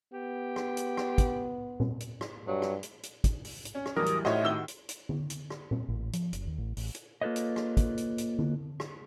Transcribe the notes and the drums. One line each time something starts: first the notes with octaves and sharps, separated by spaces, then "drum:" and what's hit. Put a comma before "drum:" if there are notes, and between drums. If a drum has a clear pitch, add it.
B3 G4
drum: rim click
drum: hi-hat
drum: rim click
drum: kick, hi-hat
drum: tom A#2
drum: hi-hat
drum: rim click
G2 F#3
drum: rim click
drum: hi-hat
drum: hi-hat
drum: kick, hi-hat
drum: open hi-hat
drum: hi-hat
C#4
drum: rim click
A1 E2 E3 F#3 G3 A#4 D#6 F6
drum: hi-hat
A2 D#4 F#4 G4 C5 C#5 D#5 E5, drum: rim click
D#3 E6 G7
drum: hi-hat
drum: hi-hat
drum: tom D3
drum: hi-hat
drum: rim click
drum: tom A#2
A1
F3, drum: hi-hat
F#1, drum: hi-hat
D#2
A1
A1, drum: open hi-hat
drum: hi-hat
A#3 F4 A4 B4 C#5 D#5
drum: hi-hat
drum: rim click
drum: kick, hi-hat
drum: hi-hat
drum: hi-hat
drum: tom D3
drum: rim click